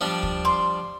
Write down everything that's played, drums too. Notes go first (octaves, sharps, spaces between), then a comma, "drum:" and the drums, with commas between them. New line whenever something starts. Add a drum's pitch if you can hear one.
F3 G3 D4
drum: kick
C6 D6